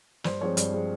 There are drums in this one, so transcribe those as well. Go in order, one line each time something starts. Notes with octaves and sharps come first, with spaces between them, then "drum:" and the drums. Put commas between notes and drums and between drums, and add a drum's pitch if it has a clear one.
G2 C5, drum: snare
F3 G#3 C4 C#5
G2, drum: hi-hat
F3 G#3 C4